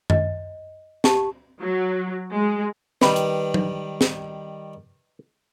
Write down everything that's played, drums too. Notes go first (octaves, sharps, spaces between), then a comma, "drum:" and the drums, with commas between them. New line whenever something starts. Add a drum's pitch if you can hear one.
D#5, drum: tom F#2
G4 F#5 A5 C#6, drum: snare
F#3
G#3
D#3 G3 B4, drum: snare
drum: hi-hat
drum: tom F#3
drum: snare